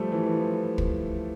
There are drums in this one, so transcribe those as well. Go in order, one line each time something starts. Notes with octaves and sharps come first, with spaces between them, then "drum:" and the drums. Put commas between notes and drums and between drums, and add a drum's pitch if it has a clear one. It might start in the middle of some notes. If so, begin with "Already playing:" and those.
Already playing: F3 G3 A3
E3
E3
F3
drum: kick